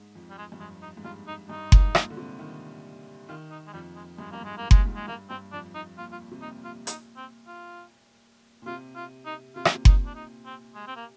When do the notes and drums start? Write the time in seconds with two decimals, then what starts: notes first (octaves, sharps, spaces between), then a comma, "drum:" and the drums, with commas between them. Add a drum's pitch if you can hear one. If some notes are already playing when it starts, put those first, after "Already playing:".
Already playing: G#2
0.15 F2
0.30 G3
0.38 G#3
0.52 G2
0.60 F2 G#3
0.82 D#4
0.97 G#2
1.05 G2 F4
1.27 D#4
1.50 G2 D#4
1.72 G#2, drum: kick F#1
1.95 A#2, drum: rim click
2.10 D3
2.17 C3
2.39 D#3
3.29 D#3 F4
3.51 D#4
3.67 G#3
3.73 F2 G3
3.96 G#3
4.18 G2 G#3
4.32 G2 A#3
4.41 G#2 G#3
4.58 A#2 A#3
4.71 G#3, drum: kick F#1
4.76 A#2
4.85 G#2
4.96 G#3
5.08 G2 A#3
5.30 G2 C4
5.52 F2 D4
5.75 D#4
5.98 A#2 F4
6.12 F4
6.31 C3
6.42 A#2 D#4
6.65 F4
6.87 D#4, drum: hi-hat
7.17 C4
7.47 F4
8.62 A#2
8.66 C3 F4
8.96 F4
9.26 D#4
9.56 C3 F4
9.65 A#2, drum: rim click
9.75 C3
9.85 D#4, drum: kick F#1
10.06 D4
10.15 D#4
10.46 C4
10.75 G#3
10.88 C4
10.96 A#3